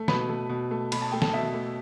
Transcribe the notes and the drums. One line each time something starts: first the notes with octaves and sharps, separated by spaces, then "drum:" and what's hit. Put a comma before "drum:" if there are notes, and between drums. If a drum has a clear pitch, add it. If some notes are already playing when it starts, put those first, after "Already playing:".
Already playing: A3
B2 B4 B5, drum: snare
A3
B2
A3
B2 B5, drum: cymbal
A5
A3 G5
A4 A5, drum: snare
B2 E5
A3